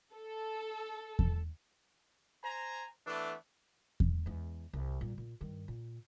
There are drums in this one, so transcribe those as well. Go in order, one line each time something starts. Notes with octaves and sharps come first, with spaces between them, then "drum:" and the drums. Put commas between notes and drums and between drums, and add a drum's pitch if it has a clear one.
A4
drum: kick E2
C5 G#5 A#5
E3 A3 B3 D4
drum: kick E2
E2 G#3
C2
A#2 G3
A#2
G2 D#3
A#2